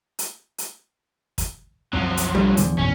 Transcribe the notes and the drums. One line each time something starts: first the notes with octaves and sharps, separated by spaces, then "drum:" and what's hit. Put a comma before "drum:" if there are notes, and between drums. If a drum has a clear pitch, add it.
drum: hi-hat
drum: hi-hat
drum: kick, hi-hat
C2 F#2 F3 F#3 C4
drum: hi-hat
B1 G3 A3 D4
D#1 E2 D3 F3, drum: hi-hat
G#1 F2 B2 C#4